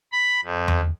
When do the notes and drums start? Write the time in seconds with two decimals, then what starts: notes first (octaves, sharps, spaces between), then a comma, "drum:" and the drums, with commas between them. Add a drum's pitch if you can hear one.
0.12 B5
0.44 F2
0.68 drum: tom E2